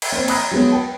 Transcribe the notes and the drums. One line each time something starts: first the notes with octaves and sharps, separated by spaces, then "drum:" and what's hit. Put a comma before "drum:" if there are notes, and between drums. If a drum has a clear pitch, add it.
drum: cymbal
A#3 C4
A#5 B5 D#6 F#6 A#6, drum: cymbal
F#3 G#3 B3
B4 G5 A5